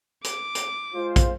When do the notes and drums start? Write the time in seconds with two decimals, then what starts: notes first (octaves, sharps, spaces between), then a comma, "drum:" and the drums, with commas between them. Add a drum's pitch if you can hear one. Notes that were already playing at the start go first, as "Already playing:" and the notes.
0.24 D6, drum: hi-hat
0.55 drum: hi-hat
0.94 G#3 F4 C5
1.16 drum: kick, hi-hat